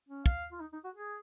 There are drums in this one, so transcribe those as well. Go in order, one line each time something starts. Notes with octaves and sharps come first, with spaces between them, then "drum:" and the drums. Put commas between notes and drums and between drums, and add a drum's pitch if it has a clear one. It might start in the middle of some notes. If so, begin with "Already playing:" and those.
C#4
F5, drum: kick
F4
D#4
D#4
F#4
G#4